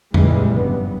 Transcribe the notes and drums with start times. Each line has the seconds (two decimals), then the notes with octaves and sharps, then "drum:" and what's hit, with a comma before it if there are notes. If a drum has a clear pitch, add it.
0.14 A#2 C#3 E3 G3 G#3, drum: tom F2
0.52 F#1 G2 B3